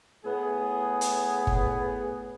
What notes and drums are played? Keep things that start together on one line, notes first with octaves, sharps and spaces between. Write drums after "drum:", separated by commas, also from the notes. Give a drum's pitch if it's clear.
A2 B3 G#4
drum: hi-hat
drum: kick G1